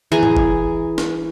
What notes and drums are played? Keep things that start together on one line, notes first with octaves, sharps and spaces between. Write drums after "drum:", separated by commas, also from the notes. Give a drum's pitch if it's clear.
E3 G#4 G#5 A#5
drum: tom A2
drum: kick F#1
drum: snare